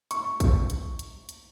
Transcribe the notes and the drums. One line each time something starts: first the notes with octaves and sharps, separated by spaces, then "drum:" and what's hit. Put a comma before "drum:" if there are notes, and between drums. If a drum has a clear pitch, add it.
C#6, drum: hi-hat
drum: kick, hi-hat
drum: hi-hat
drum: hi-hat
drum: hi-hat